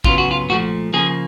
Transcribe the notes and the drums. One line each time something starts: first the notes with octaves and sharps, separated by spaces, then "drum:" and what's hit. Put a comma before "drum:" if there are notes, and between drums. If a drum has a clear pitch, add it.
F#2 C#3 F#3 B3 F4, drum: kick A1
F#4
F4
A#2 F3 A3 F#4
C#3 F3 A#3 G#4